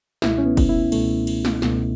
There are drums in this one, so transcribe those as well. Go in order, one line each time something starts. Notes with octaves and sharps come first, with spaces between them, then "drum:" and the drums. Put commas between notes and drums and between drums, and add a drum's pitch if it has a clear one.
C#2 B2 A3 E4, drum: snare
C#4
B3
drum: kick, cymbal
E4
C#2 B2 A3, drum: cymbal
drum: cymbal
drum: snare
C#2 B2 A3, drum: snare